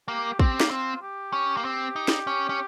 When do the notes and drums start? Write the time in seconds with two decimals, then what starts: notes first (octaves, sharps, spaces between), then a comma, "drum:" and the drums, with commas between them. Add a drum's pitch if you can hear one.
0.08 A#3 G4
0.39 C4 G4, drum: kick
0.60 A#3, drum: snare
0.70 C4 F4
1.02 G4
1.33 C#4
1.57 A#3
1.65 C4
1.96 D#4
2.08 drum: snare
2.27 C#4
2.49 C#4